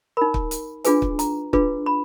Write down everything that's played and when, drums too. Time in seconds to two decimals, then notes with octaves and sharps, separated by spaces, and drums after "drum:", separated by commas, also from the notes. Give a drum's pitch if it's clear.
0.17 D#4 A#4 B5
0.34 drum: kick
0.51 drum: hi-hat
0.84 D4 F4 G#4 B4 G#5, drum: hi-hat
1.02 drum: kick
1.19 A#5, drum: hi-hat
1.53 D4 F4 G#4 B4, drum: kick
1.86 B5